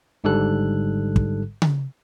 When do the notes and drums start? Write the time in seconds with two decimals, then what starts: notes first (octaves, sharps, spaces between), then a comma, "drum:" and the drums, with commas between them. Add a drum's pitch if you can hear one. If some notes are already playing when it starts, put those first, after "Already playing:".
0.24 G#1 G#2 D3 G3 A4 F#6
1.16 drum: kick
1.62 drum: tom C#3